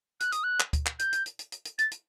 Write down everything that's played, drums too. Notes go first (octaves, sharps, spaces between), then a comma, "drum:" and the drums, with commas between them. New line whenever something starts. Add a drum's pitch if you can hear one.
F#6, drum: hi-hat
D#6, drum: hi-hat
F#6
drum: clap
drum: kick D2, hi-hat
drum: clap
G6, drum: hi-hat
drum: hi-hat
drum: hi-hat
drum: hi-hat
drum: hi-hat
drum: hi-hat
A6, drum: hi-hat
drum: hi-hat